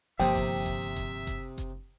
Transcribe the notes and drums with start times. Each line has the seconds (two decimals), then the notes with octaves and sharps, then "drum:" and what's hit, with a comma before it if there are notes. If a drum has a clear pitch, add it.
0.20 G1 C3 F3 A#3 C4 D#4 E5 G5
0.35 drum: kick F#1, hi-hat
0.66 drum: kick F#1, hi-hat
0.96 drum: kick F#1, hi-hat
1.27 drum: kick F#1, hi-hat
1.58 drum: kick F#1, hi-hat